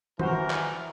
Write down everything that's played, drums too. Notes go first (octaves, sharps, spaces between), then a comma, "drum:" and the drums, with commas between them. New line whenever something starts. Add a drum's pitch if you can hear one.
E3 F#4 A#4 C5, drum: tom D#3
drum: clap